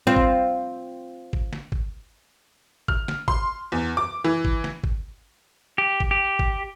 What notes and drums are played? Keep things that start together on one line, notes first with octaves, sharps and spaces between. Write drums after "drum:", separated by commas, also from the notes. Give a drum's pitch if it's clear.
C4 F4
drum: kick
drum: kick
drum: snare
drum: kick
F6, drum: kick
drum: snare
C6, drum: kick
E2
D6
E3
drum: kick
drum: snare
drum: kick
G4
drum: kick
G4
drum: kick